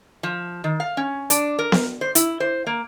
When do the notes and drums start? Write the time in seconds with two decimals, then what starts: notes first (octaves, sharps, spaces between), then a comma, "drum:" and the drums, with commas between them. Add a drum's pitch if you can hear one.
0.23 F3
0.64 D#3
0.80 F5
0.97 C#4
1.30 D4, drum: hi-hat
1.59 A#4
1.72 drum: snare B3
2.01 C5
2.15 E4, drum: hi-hat
2.40 C5
2.67 A#3